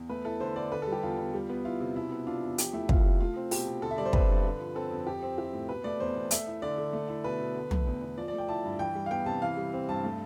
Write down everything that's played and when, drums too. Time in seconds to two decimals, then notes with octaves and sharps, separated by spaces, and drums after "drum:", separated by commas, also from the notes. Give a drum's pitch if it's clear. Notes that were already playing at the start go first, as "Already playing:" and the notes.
Already playing: E2
0.09 A3 B4
0.25 E4 A4
0.40 D3 C5
0.56 D3 D5
0.72 D3 B4
0.82 A4
0.87 G3
0.92 G4
1.03 E2 F4
1.18 E2
1.34 G3
1.49 B3
1.65 E4 F4
1.80 C3
1.96 B2 E4
2.11 B3
2.27 D4 F4
2.43 E2
2.58 F3 G4, drum: hi-hat
2.73 A3 E4
2.89 C3 F4, drum: kick
3.05 C3
3.20 A3 F4
3.36 C4
3.51 B2 G4, drum: open hi-hat
3.67 B2
3.82 D3 A4
3.91 E5
3.98 G3 D5
4.05 C5
4.13 C4 B4, drum: kick
4.29 G2
4.44 D3
4.60 F3
4.75 C4 A4
4.91 F2
5.07 F3 G4
5.23 C4
5.38 E4 G4
5.53 A2
5.69 B2 B4
5.84 A3 D5
6.00 E2 C5
6.16 E2
6.31 A3 E5, drum: hi-hat
6.47 E4
6.62 D3 D5
6.78 D3
6.93 A3
7.08 E4
7.24 B2 B4
7.40 B2
7.55 D3
7.71 A3, drum: tom
7.86 E2
8.02 E2
8.18 F3 D5
8.28 D5
8.33 A3
8.38 G5
8.48 E4 A5
8.65 G2
8.79 E3 G5
8.95 G3
9.06 F5
9.11 B3 G5
9.26 C3 A5
9.42 E3 F5
9.57 G3
9.73 C4
9.89 G2 A5
10.04 A3